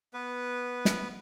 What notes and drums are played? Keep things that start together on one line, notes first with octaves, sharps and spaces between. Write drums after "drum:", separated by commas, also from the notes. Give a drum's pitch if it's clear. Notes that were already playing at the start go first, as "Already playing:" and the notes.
B3 B4
drum: snare